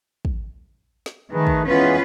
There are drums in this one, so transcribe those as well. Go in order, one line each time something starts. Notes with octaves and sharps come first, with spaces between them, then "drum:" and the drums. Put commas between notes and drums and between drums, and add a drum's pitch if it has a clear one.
drum: kick
drum: snare
D#3 A3 G#4 B4
drum: kick
E3 G#3 B3 C#4 F4 B4